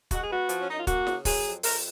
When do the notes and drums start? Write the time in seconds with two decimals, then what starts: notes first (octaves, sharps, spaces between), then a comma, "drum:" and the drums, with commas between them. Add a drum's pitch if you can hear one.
0.11 G#3 F#4, drum: kick, hi-hat
0.22 G#4
0.30 B3 F#4
0.49 F3, drum: hi-hat
0.59 C#4
0.69 F#2 D#4
0.78 F4
0.87 A#3 F#4, drum: kick, hi-hat
1.07 C#3, drum: snare
1.25 F#3 G#4, drum: kick, open hi-hat
1.45 F2
1.63 F2 A#4, drum: open hi-hat